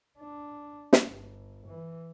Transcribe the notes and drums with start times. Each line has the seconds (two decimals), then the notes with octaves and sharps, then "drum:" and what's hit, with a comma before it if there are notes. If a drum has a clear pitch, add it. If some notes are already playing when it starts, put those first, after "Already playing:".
0.18 D4
0.93 drum: snare
1.07 G1
1.67 E3